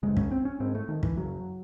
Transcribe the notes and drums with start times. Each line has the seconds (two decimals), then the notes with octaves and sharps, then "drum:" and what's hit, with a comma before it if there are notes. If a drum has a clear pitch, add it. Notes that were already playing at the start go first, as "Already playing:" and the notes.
0.03 F#2 C#3 G#3
0.17 C#4, drum: kick
0.31 C4
0.45 C#4
0.60 G#2 C4
0.75 A3
0.88 D#3
1.03 E3, drum: kick
1.17 F#2 C#3 F#3